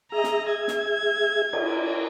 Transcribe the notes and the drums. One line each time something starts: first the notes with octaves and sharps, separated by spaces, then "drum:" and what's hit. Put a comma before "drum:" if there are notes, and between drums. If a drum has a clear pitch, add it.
G#4 D#5 E5 A#5
drum: snare
G#6
drum: snare
drum: cymbal